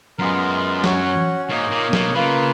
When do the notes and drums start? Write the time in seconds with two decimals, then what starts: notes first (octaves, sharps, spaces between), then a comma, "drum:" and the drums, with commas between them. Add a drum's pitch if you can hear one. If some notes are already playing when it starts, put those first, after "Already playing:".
0.19 F#2 G#3 B3 F4 A#4
0.84 C#4 F#4 C#5 F#5, drum: snare F#3
1.49 G#2 A#3 D#4 A#4 C#5
1.71 A#2
1.93 B2, drum: snare F#3
2.14 C#3 A#3 F4 B4